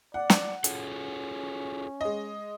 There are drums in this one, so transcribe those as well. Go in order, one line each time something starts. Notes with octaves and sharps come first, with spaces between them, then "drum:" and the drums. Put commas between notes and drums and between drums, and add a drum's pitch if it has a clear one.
D5 F#5
drum: snare
C#4 F4 G#4 A4, drum: hi-hat
G#3 D#5